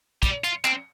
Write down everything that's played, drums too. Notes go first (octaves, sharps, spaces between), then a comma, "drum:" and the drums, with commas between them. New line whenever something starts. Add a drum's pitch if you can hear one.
G3, drum: kick, hi-hat
F4, drum: hi-hat
C4, drum: clap